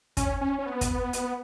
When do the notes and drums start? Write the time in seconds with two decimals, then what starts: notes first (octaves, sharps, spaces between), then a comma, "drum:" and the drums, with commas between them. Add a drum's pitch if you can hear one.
0.17 C#4, drum: kick, hi-hat
0.41 C#4
0.58 C#4
0.66 B3
0.81 drum: kick, hi-hat
1.13 drum: hi-hat